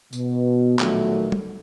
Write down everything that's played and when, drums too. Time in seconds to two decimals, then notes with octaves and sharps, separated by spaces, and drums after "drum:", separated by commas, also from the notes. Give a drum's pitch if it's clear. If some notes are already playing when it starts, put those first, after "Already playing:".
0.13 B2, drum: tambourine
0.79 A#1 D#3 F#3 A3, drum: clap
1.32 drum: tom